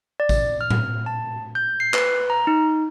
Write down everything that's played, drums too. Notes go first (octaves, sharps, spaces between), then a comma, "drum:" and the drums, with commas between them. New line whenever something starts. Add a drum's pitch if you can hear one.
D5
drum: kick A1, tambourine
F6
drum: tom A2
A5
G6
C7
B4, drum: clap
A#5
D#4